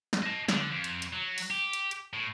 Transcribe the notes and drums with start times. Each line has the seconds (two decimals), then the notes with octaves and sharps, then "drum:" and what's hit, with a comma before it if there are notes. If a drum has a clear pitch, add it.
0.13 drum: snare
0.23 D#5 A5
0.49 D3, drum: snare
0.72 F2
0.84 drum: hi-hat
1.02 drum: hi-hat
1.13 F#3
1.38 drum: open hi-hat
1.50 G4
1.73 drum: hi-hat
1.91 drum: hi-hat
2.13 A2